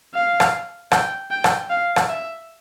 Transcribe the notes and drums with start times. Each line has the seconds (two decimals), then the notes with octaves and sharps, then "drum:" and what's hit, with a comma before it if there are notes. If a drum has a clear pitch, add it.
0.14 F5
0.40 drum: rim click
0.92 G5, drum: rim click
1.31 G5
1.44 drum: rim click
1.70 F5
1.96 drum: rim click
2.09 E5